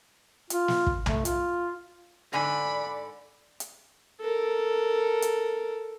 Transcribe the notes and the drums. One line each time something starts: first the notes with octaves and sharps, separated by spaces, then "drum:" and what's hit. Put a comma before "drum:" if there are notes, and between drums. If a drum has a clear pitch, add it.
F4, drum: hi-hat
drum: snare
drum: kick
A3, drum: tom B1
F4, drum: hi-hat
G#2 D3 D5 G#5 B5
drum: hi-hat
A4 A#4
drum: hi-hat